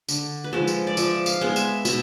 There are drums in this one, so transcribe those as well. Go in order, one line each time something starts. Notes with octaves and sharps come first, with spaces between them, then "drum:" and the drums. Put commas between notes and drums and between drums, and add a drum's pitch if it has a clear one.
D3, drum: tambourine
B4
F3 G#3 A4
drum: tambourine
D5
F3 E5, drum: tambourine
F5, drum: tambourine
G#3 B3
E5, drum: tambourine
B2 E5, drum: tambourine